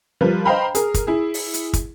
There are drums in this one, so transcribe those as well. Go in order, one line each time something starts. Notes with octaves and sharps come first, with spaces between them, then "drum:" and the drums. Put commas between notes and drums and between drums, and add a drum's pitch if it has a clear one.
F3 G3 A#4 B4
C5 D#5 F5 G5 A#5 B5
G#4 A#4, drum: hi-hat
drum: kick, hi-hat
E4 G#4
drum: open hi-hat
drum: hi-hat
drum: kick, hi-hat